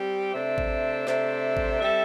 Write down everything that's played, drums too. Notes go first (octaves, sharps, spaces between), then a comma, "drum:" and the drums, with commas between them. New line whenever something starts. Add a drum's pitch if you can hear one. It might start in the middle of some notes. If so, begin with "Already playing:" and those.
Already playing: G3 C4 G4
C3 A3 D4 C5 E5
drum: kick G#1
C3 A3 D4 C5 E5, drum: snare
drum: kick G#1
G3 C4 A4 E5